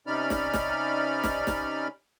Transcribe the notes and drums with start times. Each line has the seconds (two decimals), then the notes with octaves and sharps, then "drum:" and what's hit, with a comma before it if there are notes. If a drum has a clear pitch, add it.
0.07 C3 C#4 D#4 D5 B5 F6
0.30 drum: snare
0.54 drum: snare
1.24 drum: snare
1.47 drum: snare